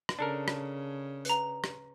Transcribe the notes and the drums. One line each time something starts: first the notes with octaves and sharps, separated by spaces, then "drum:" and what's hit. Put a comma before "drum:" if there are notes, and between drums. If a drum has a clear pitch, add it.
drum: rim click
C#3 D4 A4 A#4
drum: rim click
B4 A#5, drum: hi-hat
drum: rim click